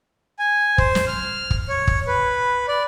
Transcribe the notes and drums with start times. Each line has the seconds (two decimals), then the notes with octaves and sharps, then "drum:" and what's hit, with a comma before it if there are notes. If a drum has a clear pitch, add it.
0.39 G#5
0.78 C5, drum: kick
0.95 drum: snare
1.07 F6
1.50 drum: kick
1.69 C#5
1.87 drum: kick
2.07 B4
2.68 D5